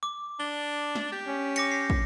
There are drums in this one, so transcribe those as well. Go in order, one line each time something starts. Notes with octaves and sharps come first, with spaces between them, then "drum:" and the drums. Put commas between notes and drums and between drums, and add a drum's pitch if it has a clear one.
D6
D4 G7
drum: snare
G4
C#4
D6 A#6 C#7, drum: cymbal
C7
drum: kick